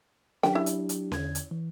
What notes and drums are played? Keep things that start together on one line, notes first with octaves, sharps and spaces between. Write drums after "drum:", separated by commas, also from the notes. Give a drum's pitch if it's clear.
F#3 D4 G4 G5, drum: snare C#4
E4
drum: hi-hat
drum: hi-hat
E2 D3 G#6, drum: snare C#4
drum: hi-hat
E3